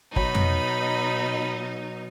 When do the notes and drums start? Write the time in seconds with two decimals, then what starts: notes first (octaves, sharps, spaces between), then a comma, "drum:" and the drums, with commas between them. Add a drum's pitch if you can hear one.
0.16 B2 F#3 D#4 B5, drum: kick
0.35 drum: tom F2